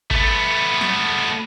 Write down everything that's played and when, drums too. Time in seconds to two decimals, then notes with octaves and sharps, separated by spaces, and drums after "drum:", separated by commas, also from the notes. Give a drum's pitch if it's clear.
0.11 A3 B3, drum: kick G#1
0.81 drum: snare